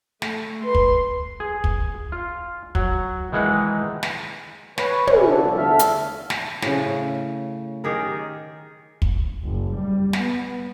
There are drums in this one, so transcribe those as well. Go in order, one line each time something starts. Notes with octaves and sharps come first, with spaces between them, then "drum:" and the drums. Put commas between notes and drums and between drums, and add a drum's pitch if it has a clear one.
A3, drum: snare
B4 C6
drum: kick
G#4
drum: kick
F4
F#3, drum: kick
D#3 E3 G#3 D#4 F#5
drum: snare
B4 C#5, drum: snare
C3 C#4, drum: tom
D3 D4 A4
F3 G3
E2 D3 A3 A4 E5 F6
drum: hi-hat
drum: snare
A2 C#3, drum: snare
D#3 G4 G#4 A#4
drum: kick
F#1
G3
B3, drum: snare